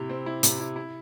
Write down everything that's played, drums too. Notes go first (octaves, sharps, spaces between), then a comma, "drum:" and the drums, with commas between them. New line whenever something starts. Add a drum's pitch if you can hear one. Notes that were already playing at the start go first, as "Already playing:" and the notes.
Already playing: C3 E4 G4
C4
E4
C3, drum: hi-hat
E4
E4